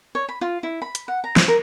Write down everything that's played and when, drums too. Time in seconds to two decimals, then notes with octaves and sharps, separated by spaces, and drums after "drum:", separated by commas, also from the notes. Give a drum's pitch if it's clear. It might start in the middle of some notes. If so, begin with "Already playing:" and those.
0.15 C#5
0.29 B5
0.41 F4
0.63 E4
0.82 B5
0.95 drum: hi-hat
1.08 F#5
1.24 A#5
1.36 C5, drum: snare
1.48 A#4